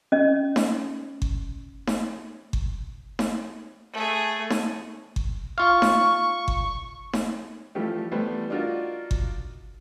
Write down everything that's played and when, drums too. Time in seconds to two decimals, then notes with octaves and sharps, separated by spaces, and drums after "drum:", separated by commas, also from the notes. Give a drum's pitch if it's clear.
0.12 C#4 D#5
0.56 drum: snare D#4
1.22 drum: kick G1
1.87 drum: snare D#4
2.53 drum: kick G1
3.19 drum: snare D#4
3.93 A3 G#4
4.50 drum: snare D#4
5.16 drum: kick G1
5.58 F4 F5 C#6
5.82 drum: snare D#4
6.48 drum: kick G1
7.13 drum: snare D#4
7.75 E3 F3 G3 A3 G4
8.11 E3 G3 A3 B3 C5
8.50 D4 D#4 F4 F#4 A#4
9.11 drum: kick G1